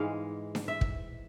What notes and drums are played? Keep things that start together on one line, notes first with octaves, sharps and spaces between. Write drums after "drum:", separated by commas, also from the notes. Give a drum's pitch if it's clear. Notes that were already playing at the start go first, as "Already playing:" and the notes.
Already playing: G#2 E3 G#3 F5
drum: snare D4
E5
drum: kick